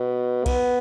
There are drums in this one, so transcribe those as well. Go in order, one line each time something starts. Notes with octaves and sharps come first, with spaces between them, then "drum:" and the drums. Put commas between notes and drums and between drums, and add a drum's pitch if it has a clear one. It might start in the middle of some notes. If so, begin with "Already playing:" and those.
Already playing: B2
B3, drum: kick B1, cymbal